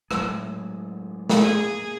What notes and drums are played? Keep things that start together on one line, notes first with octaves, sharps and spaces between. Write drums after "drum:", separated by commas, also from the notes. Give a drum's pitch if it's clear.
A2 F#3 G#3, drum: rim click
drum: snare
A#3 G#4